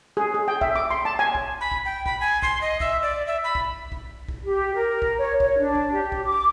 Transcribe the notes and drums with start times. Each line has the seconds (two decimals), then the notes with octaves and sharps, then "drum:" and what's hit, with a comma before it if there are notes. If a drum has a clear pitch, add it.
0.17 G#4
0.34 G#4
0.48 G5
0.61 E5, drum: kick
0.76 D6
0.91 C6
1.05 A5
1.19 G#5
1.35 drum: kick
1.61 B5
1.71 drum: kick
1.85 G5
2.06 B5, drum: kick
2.20 G#5
2.42 C6, drum: kick
2.61 D#5
2.80 E5, drum: kick
3.02 D5
3.27 E5
3.44 B5
3.55 drum: kick
3.92 drum: kick
4.28 drum: kick
4.44 G4
4.74 A#4
5.02 drum: kick
5.18 C#5
5.40 C#5, drum: kick
5.58 D4
5.75 drum: kick
5.92 G4
6.12 drum: kick
6.25 D6